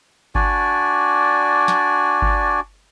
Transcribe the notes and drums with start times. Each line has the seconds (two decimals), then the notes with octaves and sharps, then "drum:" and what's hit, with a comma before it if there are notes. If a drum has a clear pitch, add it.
0.35 D4 F#4 D5 G#5, drum: kick G1
1.68 drum: snare
2.22 drum: kick G1